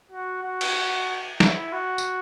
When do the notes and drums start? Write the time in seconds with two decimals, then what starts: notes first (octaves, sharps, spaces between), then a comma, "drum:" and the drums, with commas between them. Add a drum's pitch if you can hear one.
0.11 F#4
0.43 F#4
0.61 drum: cymbal
1.40 E4, drum: snare
1.73 F#4
1.98 drum: tambourine